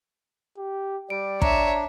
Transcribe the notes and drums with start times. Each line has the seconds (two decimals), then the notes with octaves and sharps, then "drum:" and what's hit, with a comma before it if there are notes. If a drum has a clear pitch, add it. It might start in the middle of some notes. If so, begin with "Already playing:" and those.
0.58 G4
1.10 G3 D5 D7
1.42 D4 C#5 E5 A#5, drum: kick